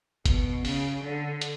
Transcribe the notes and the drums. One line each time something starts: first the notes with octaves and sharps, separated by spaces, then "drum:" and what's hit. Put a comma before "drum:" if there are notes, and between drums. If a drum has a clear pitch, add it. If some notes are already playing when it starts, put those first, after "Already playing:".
B2, drum: kick G1, hi-hat
C#3, drum: open hi-hat
D3
drum: hi-hat